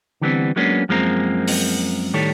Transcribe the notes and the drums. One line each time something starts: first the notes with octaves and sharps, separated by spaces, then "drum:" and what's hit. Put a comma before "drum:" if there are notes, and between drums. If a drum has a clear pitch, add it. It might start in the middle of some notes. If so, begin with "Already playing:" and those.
D3 E3 G3 A3 B3 C4
F#3 G#3 A#3 B3 C#4 D4
F#2 F3 G#3 A#3 C4 A#4
drum: open hi-hat
A2 D#3 G3 A4 C#5